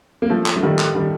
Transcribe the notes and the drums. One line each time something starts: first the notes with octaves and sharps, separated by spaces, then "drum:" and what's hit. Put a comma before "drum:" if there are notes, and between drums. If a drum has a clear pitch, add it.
A#3
F3 A3
drum: clap
A3
D#3 G3
drum: clap
D#3 G3